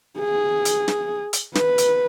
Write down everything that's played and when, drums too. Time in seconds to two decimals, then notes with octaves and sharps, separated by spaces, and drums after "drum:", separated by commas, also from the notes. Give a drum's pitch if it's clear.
0.20 G#4
0.65 drum: hi-hat
0.88 drum: snare
1.33 drum: hi-hat
1.55 B4, drum: snare
1.78 drum: hi-hat